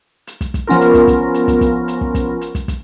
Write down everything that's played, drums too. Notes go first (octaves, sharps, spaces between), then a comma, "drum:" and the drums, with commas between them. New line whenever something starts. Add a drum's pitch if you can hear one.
drum: hi-hat
drum: kick, hi-hat
drum: kick, hi-hat
F3 B3 C#4 F4 A#4
drum: hi-hat
drum: kick, hi-hat
drum: kick, hi-hat
drum: hi-hat
drum: kick, hi-hat
drum: kick, hi-hat
drum: hi-hat
drum: kick
drum: kick, hi-hat
drum: hi-hat
drum: kick, hi-hat
drum: kick, hi-hat